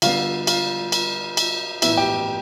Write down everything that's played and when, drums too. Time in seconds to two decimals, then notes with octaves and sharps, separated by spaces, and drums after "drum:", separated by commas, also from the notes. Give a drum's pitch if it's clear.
0.02 D3 G3 B3 F4 F5, drum: cymbal
0.47 F4 F5, drum: cymbal
0.92 drum: cymbal
1.37 drum: cymbal
1.82 A2 E3 B3 E4 E5, drum: cymbal
1.97 G4 G5